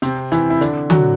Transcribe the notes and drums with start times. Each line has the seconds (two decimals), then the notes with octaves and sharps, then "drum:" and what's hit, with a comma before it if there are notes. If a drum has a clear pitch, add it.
0.02 C3 C4, drum: hi-hat
0.32 E3 E4, drum: hi-hat
0.50 E4
0.61 D3 D4, drum: hi-hat
0.90 F#3 F#4, drum: tom D3